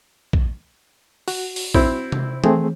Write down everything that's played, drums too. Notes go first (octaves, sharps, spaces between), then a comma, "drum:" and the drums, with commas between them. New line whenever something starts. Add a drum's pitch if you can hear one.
drum: kick
F#4, drum: open hi-hat
drum: open hi-hat
C4 E4, drum: kick
drum: tom C3
A3 C4 G#4, drum: tom E3